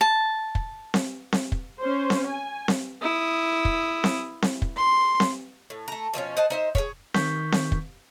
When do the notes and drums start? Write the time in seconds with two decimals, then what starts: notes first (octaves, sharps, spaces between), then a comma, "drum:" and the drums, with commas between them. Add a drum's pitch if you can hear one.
0.01 A5
0.55 drum: kick
0.94 drum: snare C4
1.33 drum: snare C4
1.52 drum: kick
1.80 C#4 C5
2.10 drum: snare C4
2.28 G#5
2.68 drum: snare C4
3.02 E4 D#6
3.65 drum: kick
4.04 drum: snare C4
4.42 drum: snare C4
4.62 drum: kick
4.76 C6
5.20 drum: snare C4
5.70 A2
5.88 A3 A#5
6.14 B2 F3 B3 C#4
6.37 C5 D#5 F#5 A5
6.50 D#4 C5 E5
6.75 G#4 B4 C#5, drum: kick
7.14 D#3 C#6 G6 B6, drum: snare C4
7.52 drum: snare C4
7.72 drum: kick